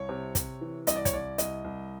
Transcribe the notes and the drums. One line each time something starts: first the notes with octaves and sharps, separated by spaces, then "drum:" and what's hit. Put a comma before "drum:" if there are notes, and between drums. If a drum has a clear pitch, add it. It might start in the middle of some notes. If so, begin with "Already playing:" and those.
Already playing: C2 C#5
C3
C3, drum: kick, hi-hat
E3
C2 D#5, drum: hi-hat
D5
C#5, drum: kick, hi-hat
C2 D5
C2 D#5, drum: hi-hat
C2